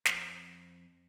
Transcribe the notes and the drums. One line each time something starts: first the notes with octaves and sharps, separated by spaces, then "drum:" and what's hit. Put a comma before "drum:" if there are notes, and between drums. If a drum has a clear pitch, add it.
F2, drum: snare